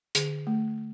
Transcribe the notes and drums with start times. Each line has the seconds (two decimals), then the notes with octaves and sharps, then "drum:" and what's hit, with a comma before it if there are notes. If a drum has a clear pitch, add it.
0.15 D3 G#4, drum: hi-hat
0.47 A3